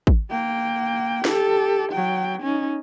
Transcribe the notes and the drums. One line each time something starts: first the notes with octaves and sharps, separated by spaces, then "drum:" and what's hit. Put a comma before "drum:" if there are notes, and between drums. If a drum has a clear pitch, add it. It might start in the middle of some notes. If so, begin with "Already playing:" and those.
drum: kick
A#3 G5
G4 A4, drum: snare
F#3 G5
C#4 D#4